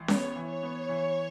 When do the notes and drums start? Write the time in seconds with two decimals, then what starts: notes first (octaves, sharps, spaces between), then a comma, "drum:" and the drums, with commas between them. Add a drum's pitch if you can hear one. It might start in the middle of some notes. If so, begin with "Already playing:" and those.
Already playing: A1
0.08 B3 C#5, drum: snare C#4
0.36 E3
0.49 C#5
0.63 B3
0.89 E3